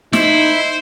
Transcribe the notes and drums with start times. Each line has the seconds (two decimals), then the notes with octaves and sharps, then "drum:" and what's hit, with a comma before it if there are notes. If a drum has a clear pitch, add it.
0.13 D#4 E4 C5, drum: snare